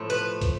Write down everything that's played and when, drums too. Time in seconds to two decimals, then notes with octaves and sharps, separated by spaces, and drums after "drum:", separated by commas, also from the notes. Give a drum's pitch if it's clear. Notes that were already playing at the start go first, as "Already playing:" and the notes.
Already playing: A2 F3 A3
0.10 B4
0.41 drum: kick, hi-hat